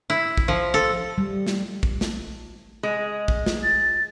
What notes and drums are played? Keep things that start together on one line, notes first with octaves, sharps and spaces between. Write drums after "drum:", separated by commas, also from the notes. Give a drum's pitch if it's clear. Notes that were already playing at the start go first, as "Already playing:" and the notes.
E4
drum: kick
F3
A4
G3
drum: snare
drum: kick
drum: snare
G#3
drum: kick
drum: snare
A6